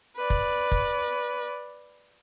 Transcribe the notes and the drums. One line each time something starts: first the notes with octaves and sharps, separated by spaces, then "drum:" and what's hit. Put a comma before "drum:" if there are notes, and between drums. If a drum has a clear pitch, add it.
B4 D5
drum: kick
drum: kick